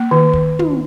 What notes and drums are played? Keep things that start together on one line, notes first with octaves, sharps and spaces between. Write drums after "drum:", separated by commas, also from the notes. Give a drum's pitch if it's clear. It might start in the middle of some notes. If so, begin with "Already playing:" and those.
Already playing: A#3
D#3
drum: kick
drum: tom